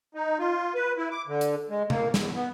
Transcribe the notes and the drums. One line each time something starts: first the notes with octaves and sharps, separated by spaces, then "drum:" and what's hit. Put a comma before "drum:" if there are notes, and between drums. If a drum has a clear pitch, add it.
D#4
F4
B4
E4
D6
D3
drum: hi-hat
G#3
A#3, drum: tom C3
E2, drum: snare
B3